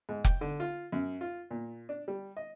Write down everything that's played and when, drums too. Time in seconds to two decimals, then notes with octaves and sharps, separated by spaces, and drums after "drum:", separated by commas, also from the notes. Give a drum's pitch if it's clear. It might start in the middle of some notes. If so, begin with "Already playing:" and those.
0.09 G#2
0.25 G5, drum: kick F1
0.41 D3
0.60 F4
0.92 F#2
1.21 F4
1.51 A#2
1.89 D4
2.08 G3
2.37 D#5